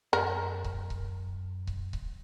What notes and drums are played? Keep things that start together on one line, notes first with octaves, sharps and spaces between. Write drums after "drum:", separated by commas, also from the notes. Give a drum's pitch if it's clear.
F#2 A#4
drum: kick C#1
drum: kick C#1
drum: kick C#1
drum: kick C#1